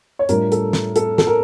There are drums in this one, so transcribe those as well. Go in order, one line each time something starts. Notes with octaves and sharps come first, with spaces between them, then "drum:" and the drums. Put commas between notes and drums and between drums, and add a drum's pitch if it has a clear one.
C#5
A2 G3 D4 F4 A#4, drum: hi-hat
A4, drum: hi-hat
drum: snare
A4, drum: hi-hat
A4, drum: snare
A#4